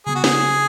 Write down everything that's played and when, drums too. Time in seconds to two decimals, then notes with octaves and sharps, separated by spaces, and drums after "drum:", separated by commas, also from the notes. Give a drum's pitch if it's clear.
0.06 C#3 F#3 B3 G#4
0.15 F#4
0.24 G#4, drum: snare